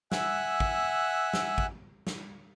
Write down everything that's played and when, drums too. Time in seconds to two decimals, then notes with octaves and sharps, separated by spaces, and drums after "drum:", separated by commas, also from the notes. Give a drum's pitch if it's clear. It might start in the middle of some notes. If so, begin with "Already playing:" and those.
0.12 E5 F#5 G#5 E6 F#6, drum: snare
0.60 drum: kick
1.33 drum: snare
1.58 drum: kick
2.07 drum: snare